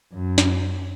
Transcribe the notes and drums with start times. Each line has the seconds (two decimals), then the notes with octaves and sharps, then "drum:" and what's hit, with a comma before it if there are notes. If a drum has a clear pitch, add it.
0.13 F#2
0.38 drum: snare